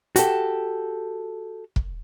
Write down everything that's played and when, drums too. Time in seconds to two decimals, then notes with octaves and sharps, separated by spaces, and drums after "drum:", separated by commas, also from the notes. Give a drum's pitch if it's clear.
0.16 F#4 G4 A4, drum: hi-hat
1.76 drum: kick